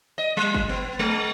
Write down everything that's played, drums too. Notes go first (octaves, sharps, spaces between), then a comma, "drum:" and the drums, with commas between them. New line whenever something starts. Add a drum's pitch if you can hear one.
D#5
G3
drum: kick
B3
G#3